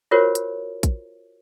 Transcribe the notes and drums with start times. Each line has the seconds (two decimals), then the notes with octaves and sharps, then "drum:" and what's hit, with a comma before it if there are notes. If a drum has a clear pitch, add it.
0.11 F4 F#4 A#4 C5 C#5
0.35 drum: hi-hat
0.83 drum: kick, hi-hat